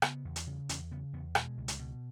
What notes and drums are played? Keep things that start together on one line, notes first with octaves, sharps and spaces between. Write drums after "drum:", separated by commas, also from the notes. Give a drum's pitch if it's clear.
C#3 B3, drum: rim click
E2
drum: hi-hat
C#3
E2 C#4, drum: hi-hat
C#3 B3
E2 B3
B2 G#3, drum: rim click
C#2
drum: hi-hat
B2